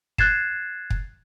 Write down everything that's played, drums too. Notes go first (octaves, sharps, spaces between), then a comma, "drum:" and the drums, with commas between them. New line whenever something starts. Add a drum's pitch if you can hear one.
F#6 G#6 A6 C7 E7, drum: kick
drum: kick